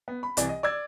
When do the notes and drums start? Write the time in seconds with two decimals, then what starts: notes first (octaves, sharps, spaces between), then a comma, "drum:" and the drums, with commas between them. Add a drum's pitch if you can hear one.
0.08 B3
0.23 B5
0.37 C2 E3 D5, drum: hi-hat
0.49 D#5
0.63 D5 E6 G#6